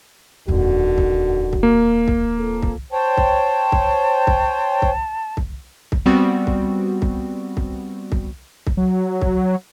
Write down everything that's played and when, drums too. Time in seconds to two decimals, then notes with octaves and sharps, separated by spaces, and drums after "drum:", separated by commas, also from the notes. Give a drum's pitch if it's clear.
0.48 D#1 F2 D3 D#3 F#4
0.98 drum: kick C2
1.53 drum: kick C2
1.63 A#3
2.08 drum: kick C2
2.39 C4 F4 A4
2.62 drum: kick C2
2.92 C5 C#5 G5 A5
3.17 drum: kick C2
3.72 drum: kick C2
4.27 drum: kick C2
4.82 drum: kick C2
5.37 drum: kick C2
5.92 drum: kick C2
6.06 G3 B3 C4 F#4
6.47 drum: kick C2
7.02 drum: kick C2
7.57 drum: kick C2
8.12 drum: kick C2
8.67 drum: kick C2
8.77 F#3
9.21 drum: kick C2